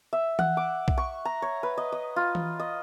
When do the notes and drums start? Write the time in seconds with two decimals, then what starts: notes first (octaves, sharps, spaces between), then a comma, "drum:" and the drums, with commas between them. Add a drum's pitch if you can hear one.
0.13 E5
0.39 F#5, drum: tom E3
0.57 D6
0.88 drum: kick B1
0.98 C#6
1.25 A#5
1.42 C#5
1.63 B4
1.78 D#5
1.92 D#5
2.16 F4
2.35 drum: tom E3
2.60 D#5